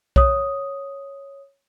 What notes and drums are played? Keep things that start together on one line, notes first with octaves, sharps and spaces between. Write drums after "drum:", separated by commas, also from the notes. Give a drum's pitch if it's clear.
C#5 D#6, drum: kick B1